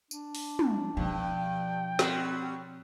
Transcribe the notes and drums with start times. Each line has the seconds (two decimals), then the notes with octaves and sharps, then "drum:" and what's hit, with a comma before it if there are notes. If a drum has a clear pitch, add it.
0.11 D4, drum: tambourine
0.35 drum: open hi-hat
0.59 drum: tom
0.97 G2 B2 F3 G5
1.99 F#3 G3 C4, drum: snare